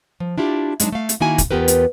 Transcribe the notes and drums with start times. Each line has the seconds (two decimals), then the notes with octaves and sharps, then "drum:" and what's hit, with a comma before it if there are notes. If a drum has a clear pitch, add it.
0.20 F3
0.38 D4 E4 F4 G4
0.80 F#3 G#3 B3 D4 D#4, drum: hi-hat
0.92 A3 F5
1.09 drum: hi-hat
1.20 D#3 A#3 D#4 E4 F#4 G#5
1.38 drum: kick, hi-hat
1.51 E2 B3 F4 G4 A#4 B4
1.68 drum: hi-hat